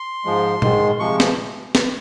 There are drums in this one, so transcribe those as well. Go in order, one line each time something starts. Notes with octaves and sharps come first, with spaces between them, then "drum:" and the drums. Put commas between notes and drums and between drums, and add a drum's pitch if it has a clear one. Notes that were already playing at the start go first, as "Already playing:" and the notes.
Already playing: C6
G#2 F3 G#3
G#2 D#3 G#3, drum: tom A#2
C3 F3 G#3 C#6
drum: snare
drum: snare